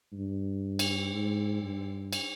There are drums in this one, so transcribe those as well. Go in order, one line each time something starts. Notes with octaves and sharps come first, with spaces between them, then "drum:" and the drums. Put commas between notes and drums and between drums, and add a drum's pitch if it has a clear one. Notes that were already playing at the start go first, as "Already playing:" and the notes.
G2
drum: cymbal
G#2
G2
drum: cymbal